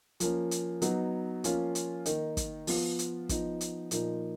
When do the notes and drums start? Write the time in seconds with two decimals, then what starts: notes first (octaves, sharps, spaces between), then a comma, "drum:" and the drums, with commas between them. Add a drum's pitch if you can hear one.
0.20 F3 A#3 C#4, drum: hi-hat
0.51 drum: hi-hat
0.82 F#3 B3 D#4, drum: hi-hat
1.44 F3 A#3 C#4 F4, drum: hi-hat
1.75 drum: hi-hat
2.06 D#3 A#3 D#4, drum: hi-hat
2.37 drum: kick, hi-hat
2.67 F3 B3 F4, drum: open hi-hat
2.99 drum: hi-hat
3.29 F3 B3 D#4, drum: kick, hi-hat
3.61 drum: hi-hat
3.91 A#2 F3 A#3 D#4, drum: hi-hat